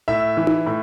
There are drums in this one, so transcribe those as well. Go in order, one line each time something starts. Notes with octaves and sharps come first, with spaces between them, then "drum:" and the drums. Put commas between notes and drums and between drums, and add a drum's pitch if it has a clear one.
A2 E5
E3
drum: tom D#4
A2